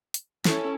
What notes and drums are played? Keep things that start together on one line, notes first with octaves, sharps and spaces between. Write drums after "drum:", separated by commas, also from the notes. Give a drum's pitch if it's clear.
drum: hi-hat
C#4 E4 A4, drum: snare